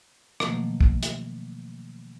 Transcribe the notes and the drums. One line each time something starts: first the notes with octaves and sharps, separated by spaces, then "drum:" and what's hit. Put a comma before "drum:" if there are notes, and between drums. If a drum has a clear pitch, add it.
B2 D#3 F3 F#3 A3 A#3, drum: rim click
drum: kick
drum: hi-hat